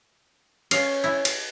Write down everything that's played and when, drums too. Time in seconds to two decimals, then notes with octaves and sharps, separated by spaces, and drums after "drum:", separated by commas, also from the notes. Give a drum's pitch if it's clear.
0.71 C#4 F5, drum: cymbal
1.04 E4
1.25 drum: cymbal